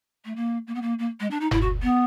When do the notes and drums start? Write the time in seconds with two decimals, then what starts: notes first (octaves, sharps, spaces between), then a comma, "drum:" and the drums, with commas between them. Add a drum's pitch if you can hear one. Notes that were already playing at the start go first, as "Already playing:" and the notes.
0.25 A3
0.36 A#3
0.67 A#3
0.75 B3
0.82 A#3
0.98 A#3
1.20 G#3
1.30 D4
1.40 D#4
1.51 E4, drum: tom F#1
1.61 F#4
1.82 B3